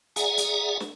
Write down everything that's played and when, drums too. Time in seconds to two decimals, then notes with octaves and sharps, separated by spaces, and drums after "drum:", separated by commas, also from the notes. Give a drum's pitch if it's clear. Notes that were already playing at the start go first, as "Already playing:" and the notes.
0.16 G#4 D5 E5 F#5 G#5 A#5, drum: hi-hat
0.38 drum: hi-hat
0.80 drum: snare